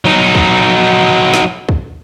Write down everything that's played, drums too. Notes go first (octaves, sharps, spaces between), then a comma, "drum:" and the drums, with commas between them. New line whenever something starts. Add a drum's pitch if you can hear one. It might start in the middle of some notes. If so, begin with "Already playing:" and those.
F#3 D#4
drum: kick
drum: snare
drum: kick